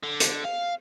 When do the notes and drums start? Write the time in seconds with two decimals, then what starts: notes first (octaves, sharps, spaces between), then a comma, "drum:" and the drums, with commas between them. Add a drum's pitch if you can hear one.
0.04 D3
0.20 drum: hi-hat
0.45 F5